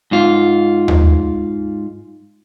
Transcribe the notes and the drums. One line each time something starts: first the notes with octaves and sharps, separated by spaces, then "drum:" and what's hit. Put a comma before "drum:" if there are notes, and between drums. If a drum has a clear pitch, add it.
G#2 F4
drum: tom D#2